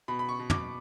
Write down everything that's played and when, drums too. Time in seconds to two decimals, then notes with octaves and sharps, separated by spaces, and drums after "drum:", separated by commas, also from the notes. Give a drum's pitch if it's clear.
0.08 B2 B5
0.19 B5
0.29 C#6
0.39 B2
0.50 D6, drum: tom